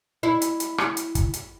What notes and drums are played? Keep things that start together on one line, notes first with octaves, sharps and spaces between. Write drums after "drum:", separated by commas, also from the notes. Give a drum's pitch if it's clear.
E4
drum: hi-hat
drum: hi-hat
drum: rim click
drum: hi-hat
drum: kick, hi-hat
drum: hi-hat